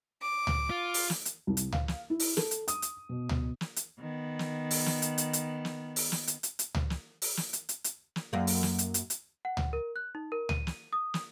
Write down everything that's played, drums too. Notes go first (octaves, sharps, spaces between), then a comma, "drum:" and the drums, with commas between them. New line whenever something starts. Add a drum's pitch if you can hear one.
D6
drum: tom C#2
F4
drum: open hi-hat
drum: snare
drum: hi-hat
C2
drum: hi-hat
F5, drum: tom C#2
drum: snare
E4
drum: open hi-hat
A4, drum: snare
drum: hi-hat
D#6, drum: hi-hat
drum: hi-hat
B2
drum: tom C#2
drum: snare
drum: hi-hat
D#3 B3
drum: snare
drum: open hi-hat
drum: snare
drum: hi-hat
drum: hi-hat
drum: hi-hat
drum: snare
drum: open hi-hat
drum: snare
drum: hi-hat
drum: hi-hat
drum: hi-hat
drum: tom C#2
drum: snare
drum: open hi-hat
drum: snare
drum: hi-hat
drum: hi-hat
drum: hi-hat
drum: snare
F#2 A#3
drum: open hi-hat
drum: snare
drum: hi-hat
drum: hi-hat
drum: hi-hat
F#5
drum: tom C#2
A#4
F#6
D#4
A#4
D#7, drum: tom C#2
drum: snare
D#6
drum: snare